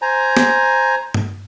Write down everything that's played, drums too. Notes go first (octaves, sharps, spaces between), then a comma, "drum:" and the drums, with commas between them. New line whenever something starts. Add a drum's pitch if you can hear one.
C5 G#5 A#5
drum: snare
drum: tom G2